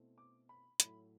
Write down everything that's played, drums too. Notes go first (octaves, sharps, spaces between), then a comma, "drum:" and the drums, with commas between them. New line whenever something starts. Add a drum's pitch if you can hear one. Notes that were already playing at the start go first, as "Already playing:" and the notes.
Already playing: B2 A3 C4 E4
D6
B5
A2 F#3 A3 E4 B5, drum: hi-hat